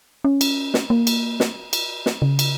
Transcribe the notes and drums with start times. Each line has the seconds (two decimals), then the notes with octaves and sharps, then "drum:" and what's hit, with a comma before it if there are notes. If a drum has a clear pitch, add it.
0.24 C#4
0.41 drum: cymbal
0.74 drum: snare
0.90 A#3
1.07 drum: cymbal
1.40 drum: snare
1.73 drum: cymbal
2.06 drum: snare
2.22 C#3
2.39 drum: cymbal